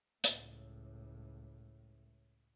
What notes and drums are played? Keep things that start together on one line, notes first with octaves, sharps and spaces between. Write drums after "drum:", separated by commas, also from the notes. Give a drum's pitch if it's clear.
C#2 A2, drum: hi-hat